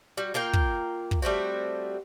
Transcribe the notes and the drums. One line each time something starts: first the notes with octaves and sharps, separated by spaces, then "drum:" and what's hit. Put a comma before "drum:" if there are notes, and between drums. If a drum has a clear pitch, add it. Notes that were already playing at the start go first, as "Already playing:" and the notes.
G3 F#4
A#3 F4 A#4 G5
drum: kick
drum: kick
G3 A3 C4 F#4